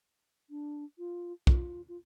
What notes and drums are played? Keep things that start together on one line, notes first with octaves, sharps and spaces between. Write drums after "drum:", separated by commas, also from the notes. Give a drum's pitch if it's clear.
D4
F4
F4, drum: kick
F4